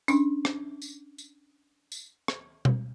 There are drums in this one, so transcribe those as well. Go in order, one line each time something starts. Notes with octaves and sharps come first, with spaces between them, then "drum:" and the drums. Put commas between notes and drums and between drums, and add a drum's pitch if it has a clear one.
C#4 D4, drum: tambourine
drum: rim click
drum: tambourine
drum: tambourine
drum: tambourine
drum: rim click
drum: tom B2